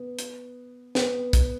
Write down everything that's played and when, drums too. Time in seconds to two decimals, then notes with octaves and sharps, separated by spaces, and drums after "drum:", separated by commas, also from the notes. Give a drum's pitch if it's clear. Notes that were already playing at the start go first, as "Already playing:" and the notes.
Already playing: B3
0.19 drum: hi-hat
0.95 B3, drum: snare
1.33 drum: kick, hi-hat